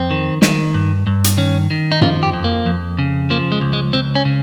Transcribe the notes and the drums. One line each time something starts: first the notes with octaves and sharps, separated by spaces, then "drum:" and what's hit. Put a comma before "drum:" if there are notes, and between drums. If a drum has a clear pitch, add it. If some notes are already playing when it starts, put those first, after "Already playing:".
Already playing: F2 C4
D#3
D#3, drum: snare
G2
G2
drum: hi-hat
D#3 C#4
D#3
D#4
F3 F4, drum: tom F#2
G4
F2
A#3
F2
C#3
F3 A#3
G#3
C#2
G#3
C#2 C4
C#4
C#3